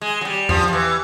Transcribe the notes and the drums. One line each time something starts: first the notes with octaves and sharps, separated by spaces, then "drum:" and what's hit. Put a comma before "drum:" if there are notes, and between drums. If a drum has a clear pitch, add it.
G#3
F#3
G3
F3, drum: tom E2
F3
E3